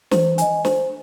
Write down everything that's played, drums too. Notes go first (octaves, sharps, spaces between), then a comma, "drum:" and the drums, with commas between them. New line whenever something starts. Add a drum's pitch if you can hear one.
E3 C5, drum: snare
D#5 G#5, drum: hi-hat
C5, drum: snare